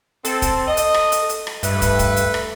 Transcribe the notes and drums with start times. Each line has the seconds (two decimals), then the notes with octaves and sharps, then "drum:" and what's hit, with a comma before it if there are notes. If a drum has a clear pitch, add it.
0.25 C4 A4, drum: hi-hat
0.42 drum: kick, hi-hat
0.67 D#5
0.77 drum: hi-hat
0.94 drum: rim click
1.12 drum: hi-hat
1.29 drum: hi-hat
1.47 drum: rim click
1.63 G2 A3 B4, drum: hi-hat
1.82 drum: kick, hi-hat
1.99 drum: kick, hi-hat
2.16 drum: hi-hat
2.34 drum: rim click